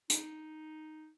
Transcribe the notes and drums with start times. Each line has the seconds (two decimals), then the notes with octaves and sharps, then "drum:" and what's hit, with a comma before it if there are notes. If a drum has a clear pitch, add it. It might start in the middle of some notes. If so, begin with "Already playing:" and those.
0.10 D#4, drum: hi-hat